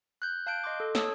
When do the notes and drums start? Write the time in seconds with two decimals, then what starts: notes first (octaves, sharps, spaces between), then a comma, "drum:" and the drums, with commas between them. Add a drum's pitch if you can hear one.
0.22 F#6 G6
0.47 F5 A5 F#6 G6 D7
0.64 D#5 C6 D6
0.80 A4
0.95 C#5 A5 D#6 E6, drum: snare